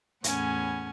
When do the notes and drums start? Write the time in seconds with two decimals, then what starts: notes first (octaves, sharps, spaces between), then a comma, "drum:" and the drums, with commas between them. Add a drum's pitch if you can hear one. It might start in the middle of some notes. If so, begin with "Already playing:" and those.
0.24 E2 A2 C#4 F#5 G#5, drum: hi-hat